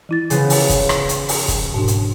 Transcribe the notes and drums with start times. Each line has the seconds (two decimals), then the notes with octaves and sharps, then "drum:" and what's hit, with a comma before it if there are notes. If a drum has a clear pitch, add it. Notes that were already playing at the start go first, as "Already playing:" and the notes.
0.09 E3 E4 A6
0.30 C#3 F3 B3, drum: hi-hat
0.50 drum: open hi-hat
0.69 drum: kick, hi-hat
0.89 drum: rim click
1.09 drum: hi-hat
1.29 drum: open hi-hat
1.48 drum: kick, hi-hat
1.74 G#2 B2 D4
1.88 drum: hi-hat